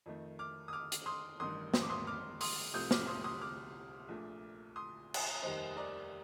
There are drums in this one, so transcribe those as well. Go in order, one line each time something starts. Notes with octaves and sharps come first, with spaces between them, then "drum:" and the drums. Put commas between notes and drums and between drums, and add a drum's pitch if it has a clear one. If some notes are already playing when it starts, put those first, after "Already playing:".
F2 D#3 A3
D6 F6
D#6
D6 F6
drum: hi-hat
C6 D#6
A1 G2 D#3 C6 D#6
D#6, drum: snare
D6
C6 D#6
D6 F6
C6 D#6, drum: open hi-hat
C2 C3 F3 A3 D#6 G6
D6 F6, drum: snare
C6 D#6
C6 D#6
D6 F6
A#1 A#2 A3
C6 D#6
drum: cymbal
F1 D#2 D#3 G3 C5 D#5
A#4 D5